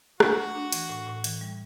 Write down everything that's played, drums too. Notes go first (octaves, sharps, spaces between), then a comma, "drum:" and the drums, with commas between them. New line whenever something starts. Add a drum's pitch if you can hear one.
D4 F#4, drum: rim click
A3
D4
E3, drum: hi-hat
A2
A2
E3, drum: hi-hat
G3